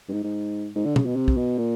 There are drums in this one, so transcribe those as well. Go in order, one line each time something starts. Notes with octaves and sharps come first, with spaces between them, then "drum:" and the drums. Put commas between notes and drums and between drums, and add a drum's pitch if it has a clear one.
G2
G#2
G#2
G#2
D3
C#3, drum: tom B2
B2
C3
drum: kick
B2
A#2